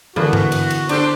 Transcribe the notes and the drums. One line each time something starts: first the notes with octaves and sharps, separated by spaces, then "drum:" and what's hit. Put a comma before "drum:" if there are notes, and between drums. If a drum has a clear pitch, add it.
D3 E3 A#3 B3 F#4
drum: tom G2
drum: cymbal
drum: cymbal
D4 G4 A4 C5, drum: cymbal